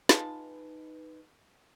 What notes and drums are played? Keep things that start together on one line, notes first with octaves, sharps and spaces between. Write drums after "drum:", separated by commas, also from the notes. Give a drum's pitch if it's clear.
G#3 D#4 F4 B4 A5, drum: snare